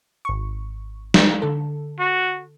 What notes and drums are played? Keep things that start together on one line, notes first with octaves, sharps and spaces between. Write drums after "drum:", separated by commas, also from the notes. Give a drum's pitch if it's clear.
G#1 C#6
drum: snare
D3 A4
F#4